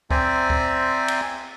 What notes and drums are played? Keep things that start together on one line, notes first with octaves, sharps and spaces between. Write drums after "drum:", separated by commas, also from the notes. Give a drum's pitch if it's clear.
C4 C5 D5 E5 G#5 A#5, drum: kick C#2
drum: kick C#2
drum: cymbal